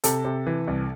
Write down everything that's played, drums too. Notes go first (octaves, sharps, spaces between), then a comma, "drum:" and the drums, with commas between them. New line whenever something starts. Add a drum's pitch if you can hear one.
C3 A4, drum: hi-hat
C3
E3
C2